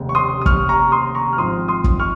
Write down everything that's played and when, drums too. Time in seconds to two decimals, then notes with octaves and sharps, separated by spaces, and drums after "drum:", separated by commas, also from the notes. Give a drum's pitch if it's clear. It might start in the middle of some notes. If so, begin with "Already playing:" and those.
Already playing: F1 D#2 C#3
0.09 C#6
0.15 C6 D#6
0.41 D#6
0.46 C#6 F6, drum: kick
0.69 A#5 C#6
0.92 C6 D#6
1.15 A#5 C#6
1.33 F6
1.38 G#1 G#2 F3 C4 F4 C6 D#6
1.68 C6 D#6
1.84 drum: kick
1.99 C#6 F6